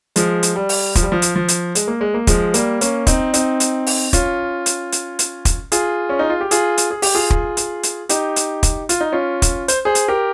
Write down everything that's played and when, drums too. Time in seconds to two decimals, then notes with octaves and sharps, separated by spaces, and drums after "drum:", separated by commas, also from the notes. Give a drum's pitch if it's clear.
0.16 F3 G#3, drum: hi-hat
0.43 drum: hi-hat
0.56 G3
0.69 drum: open hi-hat
0.95 F3, drum: kick, hi-hat
1.03 G3
1.12 F3
1.22 drum: hi-hat
1.36 F3
1.48 drum: hi-hat
1.75 G#3, drum: hi-hat
1.88 A#3
2.01 G#3
2.14 A#3
2.27 F3 G#3, drum: kick, hi-hat
2.54 G3 A#3, drum: hi-hat
2.81 A#3 C#4, drum: hi-hat
3.07 C4 D#4, drum: kick, hi-hat
3.34 C4 D#4, drum: hi-hat
3.60 drum: hi-hat
3.87 drum: open hi-hat
4.13 C#4 F4, drum: kick, hi-hat
4.66 drum: hi-hat
4.92 drum: hi-hat
5.19 drum: hi-hat
5.45 drum: kick, hi-hat
5.72 F4 G#4, drum: hi-hat
6.09 C#4
6.19 D#4
6.30 F4
6.41 G4
6.51 F4 G#4, drum: hi-hat
6.78 drum: hi-hat
6.91 G#4
7.02 G4, drum: open hi-hat
7.15 F4 G#4
7.30 drum: kick
7.57 drum: hi-hat
7.83 drum: hi-hat
8.09 D#4 G4, drum: hi-hat
8.36 drum: hi-hat
8.63 drum: kick, hi-hat
8.89 F4, drum: hi-hat
9.01 D#4
9.12 C#4 F4
9.42 drum: kick, hi-hat
9.68 C5, drum: hi-hat
9.85 G#4 C5
9.95 drum: hi-hat
10.08 G4 A#4